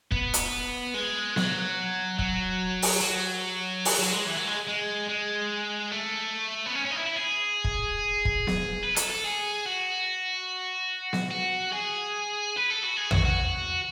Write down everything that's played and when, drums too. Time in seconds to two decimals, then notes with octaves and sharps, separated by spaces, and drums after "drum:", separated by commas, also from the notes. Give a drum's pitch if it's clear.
0.12 B3, drum: kick
0.34 drum: hi-hat
0.94 G#3
1.36 F#3, drum: snare B3
2.19 F#3, drum: kick
2.82 drum: open hi-hat
3.01 F#3
3.85 E3, drum: open hi-hat
3.99 F#3
4.12 G#3
4.27 E3
4.37 F#3
4.47 G#3
4.68 G#3
5.09 G#3
5.92 A3
6.66 B3
6.75 C#4
6.85 C#4
6.91 D#4
6.96 E4
7.07 E4
7.16 G#4
7.64 drum: kick
8.25 drum: kick
8.47 drum: snare B3
8.83 B4
8.96 A4, drum: hi-hat
9.10 A4
9.24 G#4
9.66 F#4
11.13 drum: snare B3
11.31 F#4
11.73 G#4
12.56 B4
12.70 A4
12.83 F#4
12.97 G#4
13.11 F#4, drum: tom
13.25 F#4